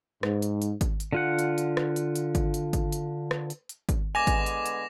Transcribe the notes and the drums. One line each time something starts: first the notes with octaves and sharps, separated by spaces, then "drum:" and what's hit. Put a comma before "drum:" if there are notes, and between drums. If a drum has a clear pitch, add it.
G#2, drum: rim click
drum: hi-hat
drum: hi-hat
drum: kick G#1, hi-hat
drum: hi-hat
D3 F4 F#5
drum: hi-hat
drum: hi-hat
drum: rim click
drum: hi-hat
drum: hi-hat
drum: kick G#1, hi-hat
drum: hi-hat
drum: kick G#1, hi-hat
drum: hi-hat
drum: rim click
drum: hi-hat
drum: hi-hat
drum: kick G#1, hi-hat
D3 G#3 B3 G#5 D6 A#6 F7
drum: kick G#1, hi-hat
drum: hi-hat
drum: hi-hat